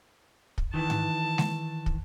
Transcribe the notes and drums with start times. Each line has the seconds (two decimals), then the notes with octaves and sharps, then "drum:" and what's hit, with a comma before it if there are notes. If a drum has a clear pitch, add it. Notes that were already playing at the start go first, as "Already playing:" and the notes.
0.58 drum: kick
0.74 D#3 E3 A5
0.90 drum: tom G#2
1.38 drum: snare G#3
1.86 drum: kick